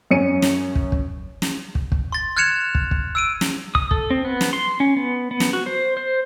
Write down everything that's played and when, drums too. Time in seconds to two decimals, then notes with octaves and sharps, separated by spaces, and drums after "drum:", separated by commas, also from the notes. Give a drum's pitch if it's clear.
0.11 F#2 C#4 C#7 D#7
0.42 drum: snare
0.75 drum: kick
0.92 drum: kick
1.42 drum: snare
1.75 drum: kick
1.92 drum: kick
2.12 C6 A6
2.37 F6 F#6 G#6 C#7 E7 F7
2.75 drum: kick
2.91 drum: kick
3.15 E6 D7 D#7
3.41 drum: snare
3.75 D#6, drum: kick
3.91 A4, drum: kick
4.10 C4
4.25 B3
4.41 drum: snare
4.53 C6
4.80 C#4
4.97 B3
5.31 B3
5.40 drum: snare
5.53 F#4
5.66 C5
5.97 C5